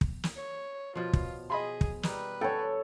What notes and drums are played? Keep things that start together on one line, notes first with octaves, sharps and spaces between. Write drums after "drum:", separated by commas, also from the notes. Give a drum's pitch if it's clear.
drum: kick
drum: snare
C#5
B2 F3 F4
drum: kick
G#4 D#5 B5 C6
drum: kick
G3 D#4 B4, drum: snare
A4 C#5 G5